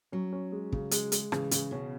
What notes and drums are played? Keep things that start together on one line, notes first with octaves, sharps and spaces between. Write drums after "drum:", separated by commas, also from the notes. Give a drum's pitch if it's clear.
F#3 C#4
C#4
G#3
C#3, drum: kick
G#3, drum: hi-hat
G#3, drum: hi-hat
C#3 E3, drum: rim click
C#3, drum: hi-hat
B2 C#4